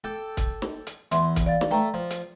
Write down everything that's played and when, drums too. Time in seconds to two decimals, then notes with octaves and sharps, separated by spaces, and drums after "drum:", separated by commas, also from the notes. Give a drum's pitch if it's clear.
0.04 A4 G5 D6
0.37 drum: kick, hi-hat
0.62 drum: snare
0.87 drum: hi-hat
1.12 E2 E5 C6, drum: hi-hat
1.36 drum: kick, hi-hat
1.46 D5 F5 A6
1.61 drum: snare
1.71 A3 A4 B4 G5 A#5
1.94 F3
2.11 drum: hi-hat